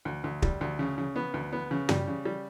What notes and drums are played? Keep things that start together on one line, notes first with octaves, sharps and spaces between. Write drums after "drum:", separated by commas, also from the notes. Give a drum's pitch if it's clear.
D2
D2
G3, drum: kick
D2
C#3
C#3
B3
D2
B3
C#3
G3, drum: tom
C#3
G3